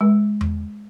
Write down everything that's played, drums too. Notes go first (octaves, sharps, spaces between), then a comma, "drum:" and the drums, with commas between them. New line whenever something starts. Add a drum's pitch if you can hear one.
G#3
drum: tom E2